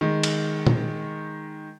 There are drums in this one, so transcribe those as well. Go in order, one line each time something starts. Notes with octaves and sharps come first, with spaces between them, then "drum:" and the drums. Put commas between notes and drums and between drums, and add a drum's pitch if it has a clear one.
D#3 G#3
drum: cymbal
drum: tom A#2